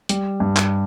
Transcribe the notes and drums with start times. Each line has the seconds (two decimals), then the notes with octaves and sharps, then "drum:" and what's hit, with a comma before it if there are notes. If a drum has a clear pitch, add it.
0.09 G3, drum: hi-hat
0.40 G2
0.56 drum: clap